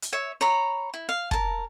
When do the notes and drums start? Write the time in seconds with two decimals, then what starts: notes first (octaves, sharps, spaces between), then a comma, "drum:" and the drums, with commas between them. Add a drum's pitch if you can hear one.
0.02 drum: hi-hat
0.13 C#5 E5
0.41 C#5 A#5 B5
0.94 E4
1.09 F5
1.31 A#4 A5, drum: kick